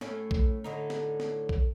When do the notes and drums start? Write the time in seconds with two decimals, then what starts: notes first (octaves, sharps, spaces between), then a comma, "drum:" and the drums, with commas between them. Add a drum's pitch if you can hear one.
0.01 A2 A3 C#4, drum: snare
0.31 drum: kick A#1
0.64 A2 D3 D#4
0.90 drum: snare
1.20 drum: snare
1.49 drum: kick A#1